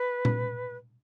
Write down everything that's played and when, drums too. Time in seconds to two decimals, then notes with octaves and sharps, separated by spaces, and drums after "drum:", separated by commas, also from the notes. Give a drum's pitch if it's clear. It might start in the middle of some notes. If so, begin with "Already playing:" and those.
Already playing: B4
0.25 drum: tom A#2